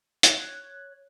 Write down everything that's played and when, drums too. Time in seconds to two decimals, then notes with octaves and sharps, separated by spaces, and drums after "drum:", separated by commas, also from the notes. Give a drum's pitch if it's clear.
0.23 C#5 F#6 G#6, drum: hi-hat